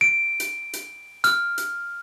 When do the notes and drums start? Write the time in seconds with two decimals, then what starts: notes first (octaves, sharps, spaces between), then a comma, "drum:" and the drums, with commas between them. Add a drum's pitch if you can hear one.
0.01 D7
0.40 drum: hi-hat
0.73 drum: hi-hat
1.24 F6, drum: hi-hat
1.58 drum: hi-hat